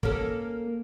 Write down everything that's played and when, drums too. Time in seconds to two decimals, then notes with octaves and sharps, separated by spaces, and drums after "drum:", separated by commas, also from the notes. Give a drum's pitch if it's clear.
0.03 A#3 C#4 A4, drum: kick